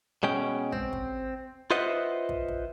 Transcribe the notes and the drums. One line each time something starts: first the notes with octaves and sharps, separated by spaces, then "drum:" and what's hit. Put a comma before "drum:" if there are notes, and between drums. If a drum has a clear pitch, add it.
B2 G#3 C#4 G5
C4, drum: kick
drum: kick
F4 B4 C5 D#5 E5 F#5
drum: kick
drum: kick